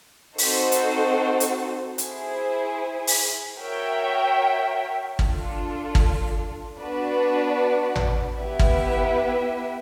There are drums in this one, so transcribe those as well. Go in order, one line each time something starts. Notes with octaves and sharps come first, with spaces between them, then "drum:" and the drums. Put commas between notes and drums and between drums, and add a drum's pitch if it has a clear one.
C4 D#4 F#4 A4 C5, drum: open hi-hat
drum: hi-hat
drum: hi-hat
E4 G#4 C5, drum: hi-hat
drum: open hi-hat
F#4 A#4 C#5 E5 G5
D4 F4 A4, drum: kick G#1
drum: kick G#1
B3 D4 F#4 B4 D5
drum: tom
B3 E4 G4 B4 E5
drum: kick G#1